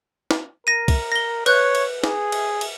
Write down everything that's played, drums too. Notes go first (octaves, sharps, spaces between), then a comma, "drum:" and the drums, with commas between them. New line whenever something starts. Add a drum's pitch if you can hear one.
drum: snare
A#4 A#6 D#7
drum: kick, cymbal
A#6 G7
B4 C#5 F#6 G6, drum: cymbal
drum: cymbal
G#4, drum: snare
drum: cymbal
drum: cymbal